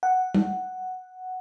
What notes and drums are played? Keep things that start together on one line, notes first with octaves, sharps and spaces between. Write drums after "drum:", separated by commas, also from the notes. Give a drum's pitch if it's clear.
F#5
drum: tom